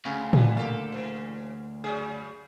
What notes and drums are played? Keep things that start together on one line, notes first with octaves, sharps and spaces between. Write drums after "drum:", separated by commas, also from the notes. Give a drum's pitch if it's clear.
D2 C#3
E2 D3 B3, drum: tom
A#3 G4 A4
C#3 E3
F#2 C#3 G3 G#4